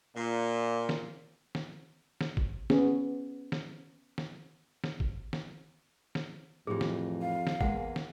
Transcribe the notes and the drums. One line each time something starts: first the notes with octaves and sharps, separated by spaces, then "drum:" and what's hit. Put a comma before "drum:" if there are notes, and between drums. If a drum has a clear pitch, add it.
A#2
drum: snare
drum: snare
drum: snare
drum: kick
B3 C#4 G#4, drum: snare
drum: snare
drum: snare
drum: snare
drum: kick
drum: snare
drum: snare
F2 A2 E3 G4 G#4
drum: snare
F5
drum: snare
E2 G#3 A#3 F#5, drum: kick
drum: snare